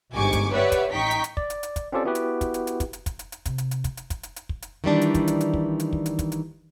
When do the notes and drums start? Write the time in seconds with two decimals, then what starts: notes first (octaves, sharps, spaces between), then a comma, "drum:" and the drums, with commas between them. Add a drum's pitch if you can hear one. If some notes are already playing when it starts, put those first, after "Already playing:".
0.15 G1 G#2 G4 G#5 C#6 D6
0.33 drum: kick, hi-hat
0.51 G4 B4 C#5 D5 E5 F#5
0.72 drum: kick, hi-hat
0.92 A1 D#4 G5 A#5 C#6 B6
1.11 drum: hi-hat
1.24 drum: hi-hat
1.37 D5, drum: kick
1.50 drum: hi-hat
1.63 drum: hi-hat
1.76 drum: kick, hi-hat
1.92 C4 C#4 F4 G4 A4 D5
2.05 B3 E4 F#4 G4 B4
2.15 drum: hi-hat
2.41 drum: kick, hi-hat
2.54 drum: hi-hat
2.67 drum: hi-hat
2.80 drum: kick, hi-hat
2.93 drum: hi-hat
3.06 drum: kick, hi-hat
3.19 drum: hi-hat
3.32 drum: hi-hat
3.45 C3, drum: kick, hi-hat
3.58 drum: hi-hat
3.71 drum: hi-hat
3.84 drum: kick, hi-hat
3.97 drum: hi-hat
4.10 drum: kick, hi-hat
4.23 drum: hi-hat
4.36 drum: hi-hat
4.49 drum: kick
4.62 drum: hi-hat
4.84 D#3 E3 G3 D4
5.01 drum: hi-hat
5.14 drum: kick, hi-hat
5.27 drum: hi-hat
5.41 drum: hi-hat
5.54 drum: kick
5.80 drum: hi-hat
5.93 drum: kick
6.06 drum: hi-hat
6.19 drum: kick, hi-hat
6.32 drum: hi-hat